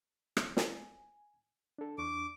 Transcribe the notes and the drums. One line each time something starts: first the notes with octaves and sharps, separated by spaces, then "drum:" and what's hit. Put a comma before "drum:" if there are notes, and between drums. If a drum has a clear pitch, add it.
drum: rim click
G#5, drum: snare
D4 A4
E2 D4 C#6 D6